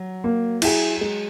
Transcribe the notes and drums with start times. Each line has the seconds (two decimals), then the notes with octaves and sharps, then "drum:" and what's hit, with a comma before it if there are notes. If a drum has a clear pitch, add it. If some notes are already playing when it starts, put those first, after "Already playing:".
Already playing: F#3
0.24 A#3
0.62 E4 G#4, drum: cymbal
1.01 G#3